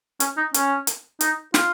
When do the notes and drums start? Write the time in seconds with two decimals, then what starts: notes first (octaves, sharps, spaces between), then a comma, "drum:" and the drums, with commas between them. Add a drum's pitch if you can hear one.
0.20 C#4, drum: hi-hat
0.37 D#4
0.54 C#4, drum: hi-hat
0.87 drum: hi-hat
1.21 D#4, drum: hi-hat
1.54 F4, drum: snare